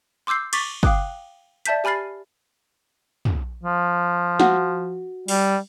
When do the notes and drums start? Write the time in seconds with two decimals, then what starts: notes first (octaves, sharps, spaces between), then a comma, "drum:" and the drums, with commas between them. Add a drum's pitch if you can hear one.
0.27 C6 D6 E6 G6 C7
0.53 C#6 D6 A6 B6, drum: cymbal
0.83 F5 G5 D6 D#6 F#6, drum: kick
1.65 D5 E5 A5 G6 B6, drum: hi-hat
1.84 G4 G#5 B5 F6 A6 C7
3.25 drum: tom
3.63 F3
4.40 F#4, drum: snare
5.28 G3, drum: open hi-hat